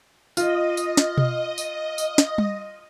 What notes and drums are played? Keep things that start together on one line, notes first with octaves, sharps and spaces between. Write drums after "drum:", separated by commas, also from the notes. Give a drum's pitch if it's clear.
F4 D#5, drum: tambourine
drum: tambourine
drum: snare
drum: tom B2
drum: tambourine
drum: tambourine
drum: snare
drum: tom G3